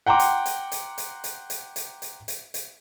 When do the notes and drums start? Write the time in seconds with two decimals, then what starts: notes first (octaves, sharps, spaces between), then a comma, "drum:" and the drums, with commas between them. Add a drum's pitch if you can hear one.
0.06 F#5 G5 A#5 C6 D6
0.19 drum: hi-hat
0.46 drum: hi-hat
0.72 drum: hi-hat
0.98 drum: hi-hat
1.24 drum: hi-hat
1.50 drum: hi-hat
1.76 drum: hi-hat
2.02 drum: hi-hat
2.28 drum: hi-hat
2.54 drum: hi-hat